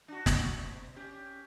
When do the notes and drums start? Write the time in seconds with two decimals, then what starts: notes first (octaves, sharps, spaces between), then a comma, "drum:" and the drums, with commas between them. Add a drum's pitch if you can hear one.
0.08 D4 F#4
0.26 drum: snare
0.57 B2
0.96 C#4 G4